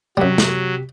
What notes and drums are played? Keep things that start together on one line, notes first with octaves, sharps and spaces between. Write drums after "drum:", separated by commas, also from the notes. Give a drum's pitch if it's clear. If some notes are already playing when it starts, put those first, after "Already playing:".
F#2 C3 F#3 G3 G4 B6
drum: snare